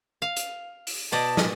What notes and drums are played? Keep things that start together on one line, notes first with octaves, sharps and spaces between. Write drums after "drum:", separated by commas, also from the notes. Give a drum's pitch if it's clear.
F5
drum: hi-hat
drum: open hi-hat
B2 D5 D#5 A5
drum: snare